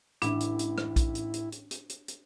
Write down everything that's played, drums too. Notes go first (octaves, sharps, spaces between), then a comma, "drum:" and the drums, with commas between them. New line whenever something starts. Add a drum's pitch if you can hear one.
A1 D#3 D4 E4, drum: hi-hat
drum: hi-hat
drum: hi-hat
drum: rim click
drum: kick A#1, hi-hat
drum: hi-hat
drum: hi-hat
drum: hi-hat
drum: hi-hat
drum: hi-hat
drum: hi-hat